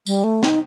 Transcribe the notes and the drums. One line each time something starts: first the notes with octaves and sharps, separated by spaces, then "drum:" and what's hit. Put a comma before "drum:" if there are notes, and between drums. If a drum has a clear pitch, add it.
G3, drum: tambourine
A3
D#4, drum: snare